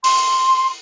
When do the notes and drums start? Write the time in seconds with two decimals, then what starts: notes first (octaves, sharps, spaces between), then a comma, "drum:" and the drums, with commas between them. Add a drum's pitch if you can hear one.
0.04 C6, drum: open hi-hat